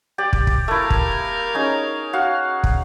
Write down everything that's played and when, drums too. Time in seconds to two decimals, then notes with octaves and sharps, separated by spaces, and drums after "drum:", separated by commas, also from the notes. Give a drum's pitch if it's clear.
0.18 G4 D5
0.33 drum: kick
0.47 drum: kick
0.68 A3 E4 A#4 F5
0.90 drum: kick
1.54 C#4 D#4 G#4
2.13 F#4 F5
2.64 drum: kick